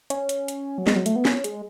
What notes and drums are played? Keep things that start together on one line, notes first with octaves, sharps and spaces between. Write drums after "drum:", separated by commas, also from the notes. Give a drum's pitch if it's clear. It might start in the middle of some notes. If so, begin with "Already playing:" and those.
C#4, drum: hi-hat
drum: hi-hat
drum: hi-hat
F#3
G#3, drum: snare
F#3
A3, drum: hi-hat
B3
C#4, drum: snare
G#3, drum: hi-hat